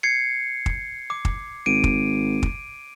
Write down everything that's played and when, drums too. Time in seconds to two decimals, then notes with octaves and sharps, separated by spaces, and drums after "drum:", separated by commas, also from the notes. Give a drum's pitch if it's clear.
0.03 G#6 C7 C#7
0.66 drum: kick
1.10 D6
1.25 drum: kick
1.66 G#1 D7 D#7
1.84 drum: kick
2.43 drum: kick